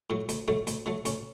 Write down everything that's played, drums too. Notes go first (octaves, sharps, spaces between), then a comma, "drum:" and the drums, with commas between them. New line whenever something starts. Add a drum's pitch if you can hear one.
A2 F#3
D2, drum: hi-hat
D3 F#3 A3
D2, drum: hi-hat
D3 F#3 A3
D2 C#4, drum: hi-hat